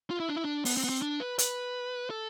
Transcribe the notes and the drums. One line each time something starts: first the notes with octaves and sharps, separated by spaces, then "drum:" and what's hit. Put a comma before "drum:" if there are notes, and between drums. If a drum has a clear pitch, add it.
F4
E4
D4
E4
D4
B3, drum: open hi-hat
C4
B3
C4
D4
B4
B4, drum: hi-hat
A4